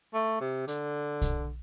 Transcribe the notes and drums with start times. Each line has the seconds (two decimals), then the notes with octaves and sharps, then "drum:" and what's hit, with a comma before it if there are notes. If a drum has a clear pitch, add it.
0.14 A3
0.41 C3
0.68 D3, drum: hi-hat
1.21 drum: kick, hi-hat